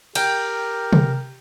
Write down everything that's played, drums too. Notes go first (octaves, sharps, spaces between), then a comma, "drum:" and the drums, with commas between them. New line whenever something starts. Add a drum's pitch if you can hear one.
G4 A#4 G5, drum: cymbal
drum: tom C3